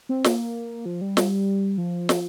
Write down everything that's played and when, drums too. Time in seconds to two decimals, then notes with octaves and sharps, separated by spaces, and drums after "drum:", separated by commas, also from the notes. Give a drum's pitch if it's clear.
0.09 C4
0.24 A#3, drum: snare
0.86 F3
1.01 G3
1.17 drum: snare
1.78 F3
2.09 drum: snare